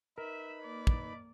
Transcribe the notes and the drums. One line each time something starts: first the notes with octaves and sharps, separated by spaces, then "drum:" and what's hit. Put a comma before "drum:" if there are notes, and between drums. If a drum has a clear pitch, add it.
D#4 A#4 B4 E5 B5
A#3 D5
drum: kick